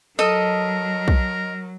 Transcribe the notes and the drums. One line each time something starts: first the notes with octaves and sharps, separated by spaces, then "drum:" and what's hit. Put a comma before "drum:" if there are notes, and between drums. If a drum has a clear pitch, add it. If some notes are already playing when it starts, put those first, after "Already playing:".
F#3 A4 A#4 D#5
drum: kick